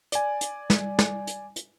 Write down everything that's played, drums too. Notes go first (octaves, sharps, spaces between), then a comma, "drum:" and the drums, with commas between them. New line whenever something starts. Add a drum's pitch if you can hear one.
D5 G#5, drum: hi-hat
drum: hi-hat
drum: snare
drum: snare
drum: hi-hat
drum: hi-hat